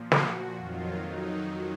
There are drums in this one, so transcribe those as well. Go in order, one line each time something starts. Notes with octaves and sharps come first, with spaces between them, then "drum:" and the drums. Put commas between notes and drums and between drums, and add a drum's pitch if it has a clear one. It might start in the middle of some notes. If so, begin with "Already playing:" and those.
Already playing: A#2 F3
F#4, drum: snare
F2 D#3 F#3 F4
D#4